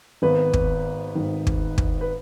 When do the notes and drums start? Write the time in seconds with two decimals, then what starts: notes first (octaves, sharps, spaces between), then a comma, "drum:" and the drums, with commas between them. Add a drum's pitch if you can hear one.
0.22 G#1 G#2 D#3 B3 B4
0.53 drum: kick
1.15 G#1 G#2 D#3
1.47 drum: kick
1.78 drum: kick
2.01 B4